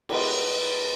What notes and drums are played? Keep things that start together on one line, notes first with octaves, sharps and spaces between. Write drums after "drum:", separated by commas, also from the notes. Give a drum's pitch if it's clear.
G#3 B3 G4, drum: cymbal